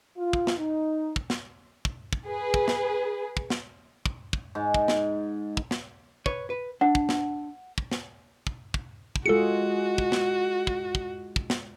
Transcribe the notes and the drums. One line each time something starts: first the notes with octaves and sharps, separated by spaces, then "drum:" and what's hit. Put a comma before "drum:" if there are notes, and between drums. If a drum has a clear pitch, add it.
F4
drum: kick
drum: snare
D#4
drum: kick
drum: snare
drum: kick
drum: kick
G#4 B4
drum: kick
drum: snare
drum: kick
drum: snare
drum: kick
drum: kick
G#2
drum: kick
drum: snare
drum: kick
drum: snare
B4 C#5, drum: kick
B4
D4 F#5
drum: kick
drum: snare
drum: kick
drum: snare
drum: kick
drum: kick
drum: kick
G#3 F4 F#4 G#4 A4 C#7
drum: kick
drum: snare
drum: kick
drum: kick
drum: kick
drum: snare